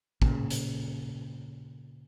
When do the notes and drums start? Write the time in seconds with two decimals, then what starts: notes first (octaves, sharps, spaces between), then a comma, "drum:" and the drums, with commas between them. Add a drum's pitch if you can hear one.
0.22 A#2 C#3, drum: kick
0.50 drum: hi-hat